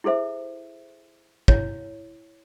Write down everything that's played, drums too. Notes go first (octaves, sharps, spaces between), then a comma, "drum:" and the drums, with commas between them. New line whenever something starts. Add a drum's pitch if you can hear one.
E4 G#4 A4 C5 E5
E4 C#5, drum: kick